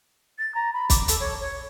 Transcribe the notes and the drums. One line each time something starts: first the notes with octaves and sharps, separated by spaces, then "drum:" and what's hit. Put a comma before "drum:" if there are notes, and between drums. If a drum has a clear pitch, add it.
A6
A#5
B5
D6, drum: kick, hi-hat
A4, drum: hi-hat
C#5
C#5